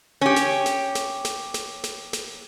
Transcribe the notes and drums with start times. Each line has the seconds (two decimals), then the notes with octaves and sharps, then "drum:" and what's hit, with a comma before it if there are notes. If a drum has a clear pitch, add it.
0.21 C#4 G4
0.36 drum: snare
0.66 drum: snare
0.95 drum: snare
1.25 drum: snare
1.54 drum: snare
1.84 drum: snare
2.13 drum: snare